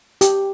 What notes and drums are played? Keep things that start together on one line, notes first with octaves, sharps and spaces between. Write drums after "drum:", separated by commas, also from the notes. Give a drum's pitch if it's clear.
G4, drum: hi-hat